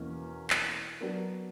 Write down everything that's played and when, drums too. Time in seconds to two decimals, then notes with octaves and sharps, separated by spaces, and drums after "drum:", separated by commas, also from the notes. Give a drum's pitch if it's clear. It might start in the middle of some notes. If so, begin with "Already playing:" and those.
Already playing: E2 B2 A#3 C#4
0.50 drum: clap
1.01 F#3 B3 D4 A#4